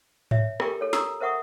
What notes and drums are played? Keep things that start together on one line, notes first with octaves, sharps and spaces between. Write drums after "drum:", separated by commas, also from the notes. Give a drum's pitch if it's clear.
C#5 E5, drum: tom G#2
G4 A4 A#4 G5 G#5 C#6, drum: rim click
A4 C#5
A#5 C#6 D#6 E6, drum: snare
A#4 C5 E5 F#5 C#6 D#6